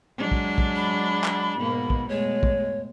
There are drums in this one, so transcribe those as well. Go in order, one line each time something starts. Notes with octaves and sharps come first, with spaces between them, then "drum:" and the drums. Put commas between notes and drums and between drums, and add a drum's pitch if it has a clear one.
F#3 G#3 D4
drum: kick
drum: kick
B5
drum: clap
G#2 B2 A#3
drum: kick
B2 G#3 A3 C#5
drum: kick